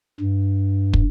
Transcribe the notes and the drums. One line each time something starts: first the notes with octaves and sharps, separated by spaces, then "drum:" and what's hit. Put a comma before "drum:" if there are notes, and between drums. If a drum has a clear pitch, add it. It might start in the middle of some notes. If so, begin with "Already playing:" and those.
G2
drum: kick